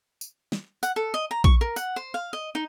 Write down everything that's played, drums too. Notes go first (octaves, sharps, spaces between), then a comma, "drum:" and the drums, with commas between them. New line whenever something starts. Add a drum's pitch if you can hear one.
drum: tambourine
drum: snare
F#5, drum: tambourine
A4
D#5
A#5
C#6, drum: kick A#1
A#4
F#5, drum: tambourine
C5
F5
D#5
D#4